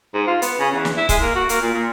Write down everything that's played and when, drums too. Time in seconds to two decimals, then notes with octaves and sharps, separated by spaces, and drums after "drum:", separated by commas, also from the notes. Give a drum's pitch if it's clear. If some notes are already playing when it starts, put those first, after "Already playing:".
0.14 G#2
0.27 F4
0.42 B3, drum: hi-hat
0.60 C#3
0.72 E2
0.85 drum: snare
0.97 E4
1.09 G#3, drum: kick C#1, hi-hat
1.22 A#3
1.36 F#4
1.49 A#3, drum: hi-hat
1.61 A#2
1.74 A#2